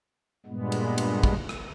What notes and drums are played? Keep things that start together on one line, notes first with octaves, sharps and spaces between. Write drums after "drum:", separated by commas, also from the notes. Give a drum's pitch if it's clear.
G2 A#2 G#3 B3
drum: cymbal
drum: cymbal
drum: kick
drum: rim click